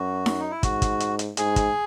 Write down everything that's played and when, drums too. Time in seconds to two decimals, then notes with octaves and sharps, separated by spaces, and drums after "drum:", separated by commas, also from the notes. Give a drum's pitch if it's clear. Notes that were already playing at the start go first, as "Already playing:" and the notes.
Already playing: F#2 F#4
0.26 drum: snare D#4
0.40 D#4
0.51 E4
0.63 G#2 F#4, drum: kick, hi-hat
0.82 drum: kick, hi-hat
1.00 drum: hi-hat
1.19 drum: hi-hat
1.37 G#2 G#4, drum: hi-hat
1.56 drum: kick, hi-hat